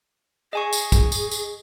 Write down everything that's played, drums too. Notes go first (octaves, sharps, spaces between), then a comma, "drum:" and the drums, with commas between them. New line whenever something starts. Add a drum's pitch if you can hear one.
G#4 D#5 G#5 C#6
drum: tambourine
drum: kick, tambourine
drum: tambourine
drum: tambourine